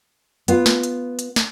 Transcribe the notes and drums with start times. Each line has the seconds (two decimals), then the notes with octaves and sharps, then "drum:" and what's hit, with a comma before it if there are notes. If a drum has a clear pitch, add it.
0.48 B3 F4, drum: hi-hat
0.66 drum: snare
0.83 drum: hi-hat
1.19 drum: hi-hat
1.36 drum: snare